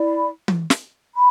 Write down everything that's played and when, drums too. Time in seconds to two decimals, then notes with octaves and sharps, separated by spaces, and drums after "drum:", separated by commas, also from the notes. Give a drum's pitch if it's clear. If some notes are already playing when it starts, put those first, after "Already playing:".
Already playing: E4 D5 B5
0.48 drum: tom E3
0.70 drum: snare
1.14 B5